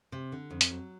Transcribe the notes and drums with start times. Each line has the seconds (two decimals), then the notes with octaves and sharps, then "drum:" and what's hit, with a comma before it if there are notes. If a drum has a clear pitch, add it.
0.12 C3
0.32 D3
0.50 F2
0.61 drum: hi-hat
0.71 F#3